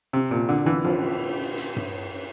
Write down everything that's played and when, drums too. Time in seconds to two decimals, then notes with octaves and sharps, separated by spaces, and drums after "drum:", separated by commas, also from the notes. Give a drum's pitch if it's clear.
0.13 C3
0.31 A#2
0.49 D3
0.66 E3
0.85 F3, drum: cymbal
1.58 drum: hi-hat
1.76 drum: tom G2